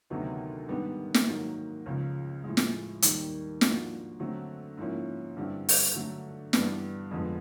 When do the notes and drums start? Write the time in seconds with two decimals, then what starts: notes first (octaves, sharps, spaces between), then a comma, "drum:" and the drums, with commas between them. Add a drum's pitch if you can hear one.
0.10 D2 C3 D#3 F#3 B3
0.68 G#2 D#3 G3 B3 D4
1.14 drum: snare
1.27 G#2 D#3 F#3 A#3
1.86 C#2 C#3 F3
2.44 A2 F3 G#3
2.57 drum: snare
3.02 D#2 D#3 G3, drum: hi-hat
3.61 G#2 F3 A#3 D4 F#4, drum: snare
4.20 D3 F#3 A3 C4
4.78 G#2 F3 A#3 C#4 E4
5.36 G2 D3 G3 C4 E4
5.69 drum: open hi-hat
5.95 D3 F#3 A3
6.53 G2 E3 G3 B3 D4, drum: snare
7.11 F2 D3 F3 G#3 B3